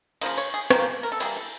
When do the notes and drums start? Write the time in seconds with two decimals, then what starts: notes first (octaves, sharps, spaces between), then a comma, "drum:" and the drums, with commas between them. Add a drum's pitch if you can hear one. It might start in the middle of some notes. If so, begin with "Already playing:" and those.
0.21 C#3 F3 A#3 D#5, drum: cymbal
0.38 C#5
0.54 G#4
0.70 C#3 F3 A#3 G4, drum: rim click
1.03 A#4
1.12 A4
1.20 E3 G3 A#3 G#4, drum: cymbal
1.36 A4